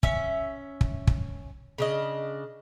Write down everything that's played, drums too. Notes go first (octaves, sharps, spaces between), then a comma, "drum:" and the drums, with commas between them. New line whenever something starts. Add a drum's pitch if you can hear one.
C#4 E5, drum: kick
drum: kick
drum: kick
C#3 D4 D#5